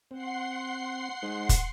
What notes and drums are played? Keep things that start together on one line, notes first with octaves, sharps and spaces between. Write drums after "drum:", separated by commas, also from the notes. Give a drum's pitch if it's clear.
C4 F#5 C6 C7
G#3 D#4 C5
drum: kick, hi-hat